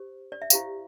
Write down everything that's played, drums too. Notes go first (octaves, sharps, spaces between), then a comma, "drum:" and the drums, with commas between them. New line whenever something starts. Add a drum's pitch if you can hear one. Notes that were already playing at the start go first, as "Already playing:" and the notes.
Already playing: G4 C5
D5
E5
E4 G4 C5 F5, drum: tambourine